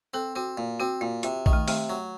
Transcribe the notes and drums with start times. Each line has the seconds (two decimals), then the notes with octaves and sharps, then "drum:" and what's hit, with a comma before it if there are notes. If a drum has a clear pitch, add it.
0.14 C4 A4
0.36 C4 F#4
0.58 A#2
0.80 C4 F#4
1.01 A#2 F4
1.23 C3 F4, drum: hi-hat
1.46 D#3, drum: kick A#1
1.53 A3
1.68 C3 A3, drum: open hi-hat
1.90 F#3